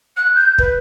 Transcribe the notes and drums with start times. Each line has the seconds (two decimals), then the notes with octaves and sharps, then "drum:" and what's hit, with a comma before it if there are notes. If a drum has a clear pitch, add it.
0.16 F#6
0.35 G6
0.58 B4, drum: kick